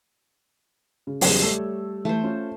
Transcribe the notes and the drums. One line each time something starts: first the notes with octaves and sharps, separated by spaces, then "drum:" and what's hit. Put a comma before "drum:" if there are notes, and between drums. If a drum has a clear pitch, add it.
C#3
E2 C#3 F#3 G3 C#5, drum: open hi-hat
A3 E6
E3 A3 C5
C#4 F4